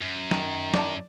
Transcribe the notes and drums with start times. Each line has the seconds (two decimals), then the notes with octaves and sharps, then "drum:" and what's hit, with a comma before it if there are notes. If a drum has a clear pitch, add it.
0.01 F#2
0.31 D#3, drum: snare
0.74 D5 A5, drum: snare